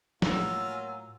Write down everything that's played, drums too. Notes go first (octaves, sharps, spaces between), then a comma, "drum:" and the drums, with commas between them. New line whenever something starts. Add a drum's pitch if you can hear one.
A2 F#3 A#3 F4 G#5 E6, drum: snare